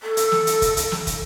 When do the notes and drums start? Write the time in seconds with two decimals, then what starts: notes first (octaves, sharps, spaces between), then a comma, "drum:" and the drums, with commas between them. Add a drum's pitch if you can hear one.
0.02 A4
0.17 drum: hi-hat
0.32 drum: snare
0.47 drum: hi-hat
0.62 drum: kick, hi-hat
0.77 drum: hi-hat
0.92 drum: snare
1.07 drum: kick, hi-hat